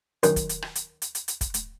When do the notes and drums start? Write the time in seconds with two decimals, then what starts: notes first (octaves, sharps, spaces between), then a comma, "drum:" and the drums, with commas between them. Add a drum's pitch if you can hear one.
0.23 F#2 D#3 G5, drum: hi-hat
0.36 drum: kick, hi-hat
0.49 drum: hi-hat
0.62 drum: rim click
0.75 drum: hi-hat
1.02 drum: hi-hat
1.15 drum: hi-hat
1.28 drum: hi-hat
1.41 drum: kick, hi-hat
1.54 drum: hi-hat